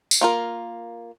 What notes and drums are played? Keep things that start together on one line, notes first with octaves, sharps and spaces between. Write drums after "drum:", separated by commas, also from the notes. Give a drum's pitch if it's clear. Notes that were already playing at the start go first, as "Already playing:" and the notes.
drum: tambourine
A#3 F4 A#4